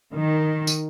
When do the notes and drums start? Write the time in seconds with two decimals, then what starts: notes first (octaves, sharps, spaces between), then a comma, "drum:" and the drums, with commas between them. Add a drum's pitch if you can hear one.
0.14 D#3
0.67 drum: tambourine